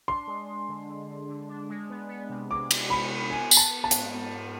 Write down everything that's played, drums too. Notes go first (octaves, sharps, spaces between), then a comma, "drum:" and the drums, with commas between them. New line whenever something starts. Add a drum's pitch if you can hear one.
D4 C6
G#3
G#3
D3
D3
D3
D3
D4
G#3
B3
B3
C3
G#3 D6
B3, drum: cymbal
B3 B5
C3
B3 G#5
B3, drum: tambourine
A5
B3
A5
G#2, drum: hi-hat
G#2
G#2